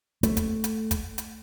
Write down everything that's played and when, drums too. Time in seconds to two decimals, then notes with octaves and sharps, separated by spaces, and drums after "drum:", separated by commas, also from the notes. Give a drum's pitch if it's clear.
0.23 A3, drum: hi-hat
0.37 drum: kick, hi-hat
0.64 drum: hi-hat
0.91 drum: kick, hi-hat
1.18 drum: hi-hat